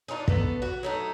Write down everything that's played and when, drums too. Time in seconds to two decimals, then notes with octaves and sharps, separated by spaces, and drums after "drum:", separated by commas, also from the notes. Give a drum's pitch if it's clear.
0.08 D4 D#4 F4 G#4
0.28 A3 B3 A4, drum: kick
0.62 F#4
0.83 F#3 A3 D#4